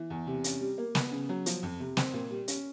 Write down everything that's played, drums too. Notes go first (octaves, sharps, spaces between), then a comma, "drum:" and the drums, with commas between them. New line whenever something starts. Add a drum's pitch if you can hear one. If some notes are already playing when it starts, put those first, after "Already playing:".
Already playing: E3
E2
C3
C#4, drum: hi-hat
G3
A#3
B3, drum: snare
C#3
F#3
F3, drum: hi-hat
F2
C3
C4, drum: snare
A#2
G3
C#4, drum: hi-hat